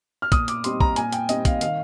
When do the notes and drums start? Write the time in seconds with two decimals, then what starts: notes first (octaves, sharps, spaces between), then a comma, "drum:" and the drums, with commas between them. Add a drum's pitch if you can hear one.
0.22 F6
0.32 A#2 D#6, drum: kick, hi-hat
0.48 D6, drum: hi-hat
0.64 G3 C4 D#4 C6, drum: hi-hat
0.80 A#5, drum: kick
0.96 A#2 G#5, drum: hi-hat
1.13 G5, drum: hi-hat
1.29 G3 C4 D#4 D#5, drum: hi-hat
1.45 F5, drum: kick, hi-hat
1.61 D#3 F5, drum: hi-hat